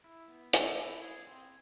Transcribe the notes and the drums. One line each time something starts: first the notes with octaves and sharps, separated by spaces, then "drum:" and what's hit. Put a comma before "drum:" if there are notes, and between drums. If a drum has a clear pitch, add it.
E4
B3
A4, drum: hi-hat
E4
G#4
C4